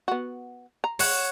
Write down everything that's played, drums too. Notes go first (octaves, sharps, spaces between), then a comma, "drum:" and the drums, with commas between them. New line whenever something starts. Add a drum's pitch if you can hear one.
B3 F#4
A#5
C#5 F#5, drum: open hi-hat